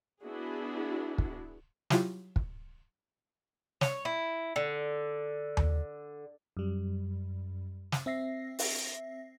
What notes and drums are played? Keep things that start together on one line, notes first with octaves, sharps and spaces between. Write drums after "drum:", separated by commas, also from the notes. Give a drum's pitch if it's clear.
B3 D4 E4 F#4 G#4
drum: kick
F#3 E4 F4 G4, drum: snare
drum: kick
C#5, drum: snare
E4
D3
drum: tom D#2
F#2 G3
drum: snare
C4 E5 A#6 C7
drum: open hi-hat